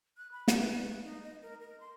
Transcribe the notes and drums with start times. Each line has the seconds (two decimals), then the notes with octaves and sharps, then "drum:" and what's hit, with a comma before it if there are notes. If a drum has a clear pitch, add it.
0.18 F#6
0.32 B5
0.48 drum: snare
0.59 B4
0.75 B4
1.03 D#4
1.23 D#5
1.42 A#4
1.61 A#4
1.80 C6